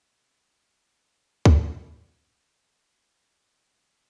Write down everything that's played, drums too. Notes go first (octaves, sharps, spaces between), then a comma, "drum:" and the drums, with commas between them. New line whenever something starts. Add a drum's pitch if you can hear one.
C3
B2
C3
B2 D3
C3
drum: kick
B2
D3
C3 D#3